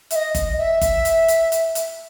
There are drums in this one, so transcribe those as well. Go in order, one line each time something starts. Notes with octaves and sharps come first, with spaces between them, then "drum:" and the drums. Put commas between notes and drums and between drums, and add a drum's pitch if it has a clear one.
E5, drum: hi-hat
D#5
drum: kick G1, hi-hat
E5
drum: kick G1, hi-hat
drum: hi-hat
drum: hi-hat
drum: hi-hat
drum: hi-hat